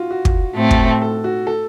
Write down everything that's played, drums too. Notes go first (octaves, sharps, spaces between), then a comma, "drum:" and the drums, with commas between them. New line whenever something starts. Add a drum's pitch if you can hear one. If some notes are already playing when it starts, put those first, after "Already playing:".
Already playing: F4 F#4
F#4
drum: kick
A2 A3 C4
drum: kick
A4
F#4
A4